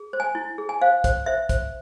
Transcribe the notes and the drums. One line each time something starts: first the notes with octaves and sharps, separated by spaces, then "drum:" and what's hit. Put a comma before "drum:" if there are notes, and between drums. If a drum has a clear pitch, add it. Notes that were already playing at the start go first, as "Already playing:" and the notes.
Already playing: G#4
C5
G#5
E4
G#4
G#5
C5 F5
C5, drum: kick, hi-hat
C5 E5
C5, drum: kick, hi-hat